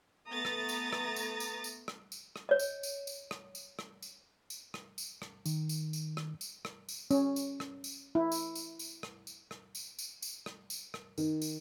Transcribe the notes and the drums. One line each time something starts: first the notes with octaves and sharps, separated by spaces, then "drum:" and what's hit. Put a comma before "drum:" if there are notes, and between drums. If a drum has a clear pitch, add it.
A3 B3 A#5 D#6 A6
drum: rim click
drum: tambourine
drum: rim click
drum: tambourine
drum: tambourine
drum: tambourine
drum: rim click
drum: tambourine
drum: rim click
C#5 D#5
drum: tambourine
drum: tambourine
drum: tambourine
drum: rim click
drum: tambourine
drum: rim click
drum: tambourine
drum: tambourine
drum: rim click
drum: tambourine
drum: rim click
D#3, drum: tambourine
drum: tambourine
drum: tambourine
drum: rim click
drum: tambourine
drum: rim click
drum: tambourine
C#4, drum: tambourine
drum: tambourine
drum: rim click
drum: tambourine
E4
drum: tambourine
drum: tambourine
drum: tambourine
drum: rim click
drum: tambourine
drum: rim click
drum: tambourine
drum: tambourine
drum: tambourine
drum: rim click
drum: tambourine
drum: rim click
D#3, drum: tambourine
drum: tambourine